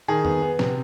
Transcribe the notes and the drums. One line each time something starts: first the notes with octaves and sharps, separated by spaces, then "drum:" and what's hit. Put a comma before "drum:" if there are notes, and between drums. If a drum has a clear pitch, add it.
D#3 G#4
B3, drum: tom F2
B3
C3, drum: snare